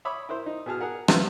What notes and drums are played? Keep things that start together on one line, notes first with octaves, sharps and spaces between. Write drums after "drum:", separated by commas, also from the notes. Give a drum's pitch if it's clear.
C#5 E5 B5 D6 D#6
E4 A#4 C5
D#4
B2 G#4 A5 F6
G#4 A#4 F#5
B3 C4 F4 B4 E5, drum: rim click